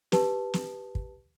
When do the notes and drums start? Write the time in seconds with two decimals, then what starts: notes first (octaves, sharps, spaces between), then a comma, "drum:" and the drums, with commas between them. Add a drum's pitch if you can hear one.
0.12 G4 B4 A5, drum: snare
0.54 drum: snare
0.95 drum: kick